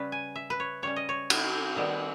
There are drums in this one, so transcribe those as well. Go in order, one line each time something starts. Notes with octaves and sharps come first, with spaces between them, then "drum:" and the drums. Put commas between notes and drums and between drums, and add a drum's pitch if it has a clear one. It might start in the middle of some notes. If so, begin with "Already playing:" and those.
Already playing: C#3 G3 C#4 B4
G#5
E5
B4
C#5
C#3 G3 C#4 C#5
D#5
C#5
drum: cymbal
D#3 G3 B3